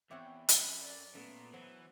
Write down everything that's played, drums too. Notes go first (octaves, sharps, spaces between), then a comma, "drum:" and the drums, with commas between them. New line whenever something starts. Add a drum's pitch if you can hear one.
E2 C4 C#5 E5 F#5 D6
F#2 F#3 A4 B5, drum: hi-hat
D5
A#2 A3 B3 C#4
E3 F#3 C5